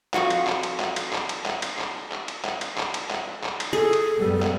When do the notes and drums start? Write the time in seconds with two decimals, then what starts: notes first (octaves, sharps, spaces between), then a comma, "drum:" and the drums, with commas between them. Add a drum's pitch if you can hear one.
0.14 F2 F4 F#4, drum: clap
0.30 drum: cymbal
0.47 drum: clap
0.63 drum: cymbal
0.80 drum: clap
0.96 drum: cymbal
1.13 drum: clap
1.29 drum: cymbal
1.46 drum: clap
1.62 drum: cymbal
1.79 drum: clap
2.12 drum: clap
2.28 drum: cymbal
2.45 drum: clap
2.61 drum: cymbal
2.78 drum: clap
2.94 drum: cymbal
3.11 drum: clap
3.44 drum: clap
3.60 drum: cymbal
3.73 G#4 A4
3.93 drum: cymbal
4.18 F#2 G3 B3
4.43 drum: clap